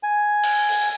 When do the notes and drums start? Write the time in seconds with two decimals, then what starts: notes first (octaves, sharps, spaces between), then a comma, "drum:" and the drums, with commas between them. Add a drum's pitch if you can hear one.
0.03 G#5
0.43 drum: cymbal
0.69 drum: open hi-hat